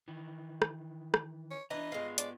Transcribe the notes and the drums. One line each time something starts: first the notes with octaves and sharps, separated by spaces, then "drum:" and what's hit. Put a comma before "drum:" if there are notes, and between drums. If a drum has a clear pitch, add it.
D#3 E3
drum: rim click
drum: rim click
C#5
E3 D4 B4 D#5 A#5
G#3 B3 F4 B4 F5
D5, drum: hi-hat